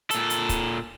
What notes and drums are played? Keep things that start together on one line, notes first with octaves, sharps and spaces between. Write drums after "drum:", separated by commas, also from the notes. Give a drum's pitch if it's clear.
A#2 A4, drum: hi-hat
drum: hi-hat
drum: kick, hi-hat